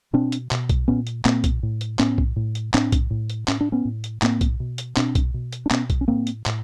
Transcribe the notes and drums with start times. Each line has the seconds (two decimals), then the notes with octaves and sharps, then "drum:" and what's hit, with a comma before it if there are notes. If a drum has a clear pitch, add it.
0.13 B2 C4 D4
0.32 drum: hi-hat
0.51 B2, drum: clap
0.69 drum: kick B1, hi-hat
0.88 A#2 B3 C#4
1.07 drum: hi-hat
1.25 A#2 A#3 C4, drum: clap
1.44 drum: kick B1, hi-hat
1.63 A2
1.81 drum: hi-hat
1.99 A2 B3 C#4, drum: clap
2.18 drum: kick B1
2.36 A2
2.55 drum: hi-hat
2.74 A2 C4 D4, drum: clap
2.92 drum: kick B1, hi-hat
3.10 A2
3.30 drum: hi-hat
3.48 A2 C#4, drum: clap
3.61 D4
3.72 B3 C#4
3.85 A2
4.04 drum: hi-hat
4.22 A2 A#3 C4, drum: clap
4.41 drum: kick B1, hi-hat
4.60 B2
4.78 drum: hi-hat
4.97 B2 C4 D4, drum: clap
5.15 drum: kick B1, hi-hat
5.34 B2
5.52 drum: hi-hat
5.66 D4
5.71 B2 B3 C#4, drum: clap
5.90 drum: kick B1, hi-hat
6.01 C#4
6.08 A2 A#3 C4
6.27 drum: hi-hat
6.46 A2, drum: clap